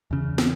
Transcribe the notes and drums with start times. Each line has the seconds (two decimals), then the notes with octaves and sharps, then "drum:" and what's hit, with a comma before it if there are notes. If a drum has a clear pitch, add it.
0.11 E2 C#3
0.38 drum: snare